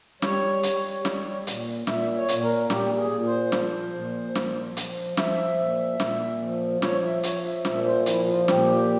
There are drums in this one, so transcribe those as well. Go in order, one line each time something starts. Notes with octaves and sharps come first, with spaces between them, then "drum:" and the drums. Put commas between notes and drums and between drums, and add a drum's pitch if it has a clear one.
G3 C#5, drum: snare
G3, drum: hi-hat
G3, drum: snare
A#2, drum: hi-hat
A#2 E5, drum: snare
C#5
A#2, drum: hi-hat
A#4
A#2 G4, drum: snare
G#4
A#2
C5
F3, drum: snare
A#2
F3, drum: snare
F3, drum: hi-hat
F3 E5, drum: snare
A#2
A#2, drum: snare
F3
F3 C#5, drum: snare
E5
F3 C#5, drum: hi-hat
E5
A#2 E5, drum: snare
C5
F3 E4, drum: hi-hat
F4
A#2 G4, drum: snare